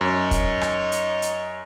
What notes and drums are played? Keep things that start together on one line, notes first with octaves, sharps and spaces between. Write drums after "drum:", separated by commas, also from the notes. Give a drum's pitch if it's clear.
F#2 D#4 C#5
drum: kick, hi-hat
drum: rim click
drum: hi-hat
drum: hi-hat